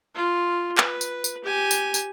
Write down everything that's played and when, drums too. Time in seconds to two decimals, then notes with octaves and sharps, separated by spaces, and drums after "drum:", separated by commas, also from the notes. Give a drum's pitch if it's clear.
0.15 F4
0.78 B4, drum: clap
1.01 drum: tambourine
1.24 drum: tambourine
1.44 G4 G#5
1.71 drum: tambourine
1.94 drum: tambourine